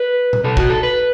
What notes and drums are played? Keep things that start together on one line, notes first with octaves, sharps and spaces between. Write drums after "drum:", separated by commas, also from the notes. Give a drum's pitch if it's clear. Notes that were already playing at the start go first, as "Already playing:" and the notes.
Already playing: B4
drum: tom A#2
B2 A4
F#4, drum: kick
A4
B4